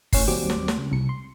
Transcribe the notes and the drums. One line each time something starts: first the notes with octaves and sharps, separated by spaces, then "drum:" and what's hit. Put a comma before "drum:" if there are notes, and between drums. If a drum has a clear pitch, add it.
A2 C#4 C7, drum: kick F#1, open hi-hat
D#2 F#3 G3 C4 D6
drum: snare
drum: snare
C#2
C2 C#7
C6